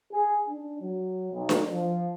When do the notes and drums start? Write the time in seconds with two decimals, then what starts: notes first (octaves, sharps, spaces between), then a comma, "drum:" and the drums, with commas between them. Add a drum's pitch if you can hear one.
0.12 G#4
0.48 D4
0.80 F#3
1.32 B1
1.49 drum: snare D4
1.72 F3